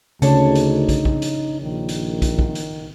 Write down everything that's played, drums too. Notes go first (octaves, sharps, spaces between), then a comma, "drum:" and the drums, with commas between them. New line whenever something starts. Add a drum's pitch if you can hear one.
D2 C#3 D4 D#4 C#5 A5, drum: hi-hat
drum: hi-hat
drum: kick, hi-hat
drum: kick
drum: hi-hat
A#1 D#3
drum: hi-hat
drum: kick, hi-hat
drum: kick
drum: hi-hat